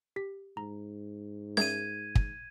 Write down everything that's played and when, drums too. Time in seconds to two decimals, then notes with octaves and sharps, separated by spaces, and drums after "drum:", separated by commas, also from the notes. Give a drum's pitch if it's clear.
0.16 G4 B6
0.57 G#2 A#5
1.57 G#4 A#4 E5 G#6 D#7, drum: snare C#4
2.15 drum: kick